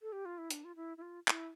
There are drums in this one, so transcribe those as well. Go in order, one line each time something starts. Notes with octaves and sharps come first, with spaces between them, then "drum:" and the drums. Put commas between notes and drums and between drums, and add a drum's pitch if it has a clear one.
A4
G4
F4
E4
D4, drum: hi-hat
F4
E4
E4
F4
E4, drum: clap